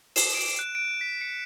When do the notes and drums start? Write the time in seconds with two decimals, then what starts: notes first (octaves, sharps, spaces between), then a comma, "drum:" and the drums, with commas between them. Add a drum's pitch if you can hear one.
0.16 E7, drum: open hi-hat
0.35 D7
0.59 F#6
0.75 D7
1.01 B6
1.21 C#7